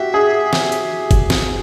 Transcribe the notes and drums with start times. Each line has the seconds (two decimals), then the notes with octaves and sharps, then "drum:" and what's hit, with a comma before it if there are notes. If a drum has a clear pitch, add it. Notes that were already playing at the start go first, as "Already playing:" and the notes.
Already playing: F#4 G4 E5
0.14 G#4
0.53 drum: snare
0.72 drum: hi-hat
1.11 drum: kick F#1, hi-hat
1.30 drum: snare